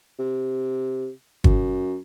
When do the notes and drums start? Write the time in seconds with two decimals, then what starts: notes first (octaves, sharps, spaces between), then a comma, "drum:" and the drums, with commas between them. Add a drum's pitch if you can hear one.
0.19 C3
1.44 F#2, drum: kick